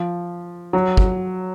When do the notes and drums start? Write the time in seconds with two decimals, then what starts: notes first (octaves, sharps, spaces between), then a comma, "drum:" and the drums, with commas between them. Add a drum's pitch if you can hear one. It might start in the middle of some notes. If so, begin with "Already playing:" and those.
Already playing: F3
0.73 F#3
0.97 drum: kick